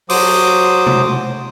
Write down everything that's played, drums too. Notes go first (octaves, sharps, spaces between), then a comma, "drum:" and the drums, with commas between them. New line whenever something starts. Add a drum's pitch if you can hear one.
F#3 C5 D6 D#6, drum: open hi-hat
drum: tom C3